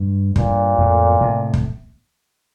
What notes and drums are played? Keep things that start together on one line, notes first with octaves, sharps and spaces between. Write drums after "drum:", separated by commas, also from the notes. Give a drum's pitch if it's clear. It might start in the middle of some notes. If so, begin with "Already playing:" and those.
Already playing: G2
G2 A#2, drum: kick
F2 A2
A2 C3
drum: kick